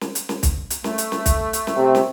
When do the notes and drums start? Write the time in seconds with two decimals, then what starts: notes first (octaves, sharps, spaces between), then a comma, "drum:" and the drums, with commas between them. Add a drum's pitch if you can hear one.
0.01 drum: snare
0.15 drum: hi-hat
0.29 drum: snare
0.43 drum: kick, hi-hat
0.70 drum: hi-hat
0.84 A3, drum: snare
0.98 drum: hi-hat
1.12 drum: snare
1.26 drum: kick, hi-hat
1.53 drum: hi-hat
1.67 drum: snare
1.76 C3
1.95 drum: snare